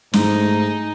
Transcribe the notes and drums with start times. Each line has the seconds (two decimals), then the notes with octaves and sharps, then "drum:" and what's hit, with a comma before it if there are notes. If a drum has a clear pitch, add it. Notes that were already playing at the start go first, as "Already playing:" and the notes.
0.13 G#2 A3 D#4 G#4, drum: snare